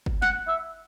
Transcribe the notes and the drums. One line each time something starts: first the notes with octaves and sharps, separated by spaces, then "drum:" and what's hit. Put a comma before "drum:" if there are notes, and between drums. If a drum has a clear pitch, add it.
drum: kick
F#5, drum: snare
E5